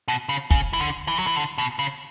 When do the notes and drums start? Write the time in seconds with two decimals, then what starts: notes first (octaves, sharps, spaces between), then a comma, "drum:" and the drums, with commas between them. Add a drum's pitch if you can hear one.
0.08 B2
0.29 C#3
0.51 C#3, drum: kick
0.73 E3
0.80 D3
1.08 E3
1.19 F#3
1.27 E3
1.36 D3
1.58 B2
1.79 C#3